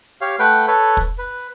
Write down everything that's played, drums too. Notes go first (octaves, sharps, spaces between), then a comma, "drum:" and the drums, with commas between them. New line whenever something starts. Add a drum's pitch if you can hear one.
G4 C#5 F5
A3 B4 F#5 G5
A4 B4 C#5
drum: kick
B4